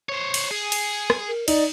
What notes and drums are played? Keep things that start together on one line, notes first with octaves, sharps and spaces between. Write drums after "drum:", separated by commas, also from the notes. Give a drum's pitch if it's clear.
C5 C#5
drum: cymbal
G#4
drum: cymbal
drum: rim click
A#4
D#4 D5, drum: cymbal